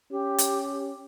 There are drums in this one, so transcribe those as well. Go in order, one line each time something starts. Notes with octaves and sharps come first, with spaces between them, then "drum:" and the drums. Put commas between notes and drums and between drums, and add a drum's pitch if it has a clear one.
C#4 G4
drum: hi-hat